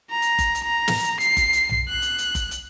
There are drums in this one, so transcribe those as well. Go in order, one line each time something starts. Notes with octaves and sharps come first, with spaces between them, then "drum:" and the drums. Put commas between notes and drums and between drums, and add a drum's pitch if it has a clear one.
A#5
drum: hi-hat
drum: kick F#1, hi-hat
drum: hi-hat
A#5
drum: snare
drum: hi-hat
C7, drum: hi-hat
drum: kick F#1, hi-hat
drum: hi-hat
drum: tom B1
F#6
drum: hi-hat
drum: hi-hat
drum: kick F#1, hi-hat
drum: hi-hat